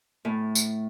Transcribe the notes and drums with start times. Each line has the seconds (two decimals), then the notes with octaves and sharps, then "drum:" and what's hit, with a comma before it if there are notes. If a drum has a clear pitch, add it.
0.25 A2
0.55 drum: tambourine